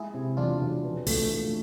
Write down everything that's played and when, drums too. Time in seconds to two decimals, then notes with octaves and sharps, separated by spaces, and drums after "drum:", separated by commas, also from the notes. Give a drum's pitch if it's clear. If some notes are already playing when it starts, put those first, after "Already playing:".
Already playing: G#3 E4 G#4
0.14 C3
0.37 E1 D4 F4
0.61 E1
0.83 E3
1.07 A3, drum: kick, open hi-hat
1.31 A3